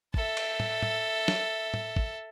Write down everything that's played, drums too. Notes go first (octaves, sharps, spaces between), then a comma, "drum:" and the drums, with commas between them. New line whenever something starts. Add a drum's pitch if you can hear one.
A4 E5, drum: kick
drum: cymbal
drum: tom
drum: tom
drum: snare
drum: tom
drum: kick